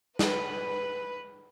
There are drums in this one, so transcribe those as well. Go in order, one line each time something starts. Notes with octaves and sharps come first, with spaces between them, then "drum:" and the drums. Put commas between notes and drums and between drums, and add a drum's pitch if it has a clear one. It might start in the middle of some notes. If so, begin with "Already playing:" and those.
B4, drum: snare